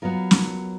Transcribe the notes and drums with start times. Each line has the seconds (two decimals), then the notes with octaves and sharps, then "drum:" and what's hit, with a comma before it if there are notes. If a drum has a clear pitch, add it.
0.02 F#3 B3 F4 A#4
0.31 drum: snare